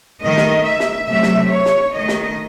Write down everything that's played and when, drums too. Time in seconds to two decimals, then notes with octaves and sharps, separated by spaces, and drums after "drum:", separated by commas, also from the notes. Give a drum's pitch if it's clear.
0.22 D#3 A3 D#5
0.37 drum: snare
0.65 E5
0.80 drum: snare
1.08 C3 F#3 A3 E5
1.23 drum: snare
1.51 C#5
1.65 drum: snare
1.94 D#3 A3 D#5
2.08 drum: snare